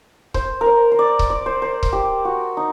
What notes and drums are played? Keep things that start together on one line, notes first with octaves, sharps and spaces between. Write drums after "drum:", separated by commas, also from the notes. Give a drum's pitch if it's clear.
C5, drum: kick C#1
A#4
C5
C5
D5
drum: kick C#1
D5
C5
C5
drum: kick C#1
G4
F#4
D#4